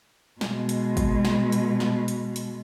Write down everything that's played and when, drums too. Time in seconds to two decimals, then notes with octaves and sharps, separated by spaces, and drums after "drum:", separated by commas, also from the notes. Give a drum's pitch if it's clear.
0.41 B2 G#3, drum: snare
0.69 drum: hi-hat
0.97 drum: kick, hi-hat
1.25 drum: snare
1.52 drum: hi-hat
1.80 drum: snare
2.08 drum: hi-hat
2.36 drum: hi-hat